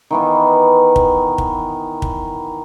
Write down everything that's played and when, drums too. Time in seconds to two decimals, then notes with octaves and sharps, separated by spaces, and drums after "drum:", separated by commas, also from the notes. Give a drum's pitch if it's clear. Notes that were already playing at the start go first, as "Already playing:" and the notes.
0.11 D#3 E3 B3
0.96 drum: kick
1.38 drum: kick
2.02 drum: kick